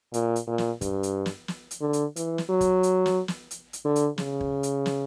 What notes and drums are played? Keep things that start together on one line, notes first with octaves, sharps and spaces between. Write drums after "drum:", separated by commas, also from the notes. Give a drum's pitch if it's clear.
A#2, drum: hi-hat
drum: hi-hat
A#2
drum: snare
G2, drum: kick, hi-hat
drum: hi-hat
drum: snare
drum: snare
drum: hi-hat
D3
drum: hi-hat
E3, drum: hi-hat
drum: snare
F#3
drum: kick, hi-hat
drum: hi-hat
drum: snare
drum: snare
drum: hi-hat
drum: hi-hat
D3
drum: hi-hat
C#3, drum: snare
drum: kick
drum: hi-hat
drum: snare